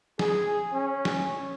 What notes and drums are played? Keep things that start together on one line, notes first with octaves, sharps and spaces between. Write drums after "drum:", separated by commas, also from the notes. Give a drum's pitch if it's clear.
G#4, drum: snare
C#4
drum: snare